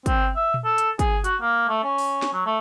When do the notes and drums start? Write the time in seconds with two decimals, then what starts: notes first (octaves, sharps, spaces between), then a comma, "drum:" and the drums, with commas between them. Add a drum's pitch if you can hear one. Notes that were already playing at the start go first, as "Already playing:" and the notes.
0.06 C4, drum: kick, hi-hat
0.36 E5
0.54 drum: tom A#2
0.64 A4
0.78 drum: hi-hat
0.99 G#4, drum: kick, hi-hat
1.24 F#4, drum: hi-hat
1.41 A#3
1.69 A3
1.84 C#4
1.98 drum: open hi-hat
2.22 drum: snare
2.33 F#3
2.46 A3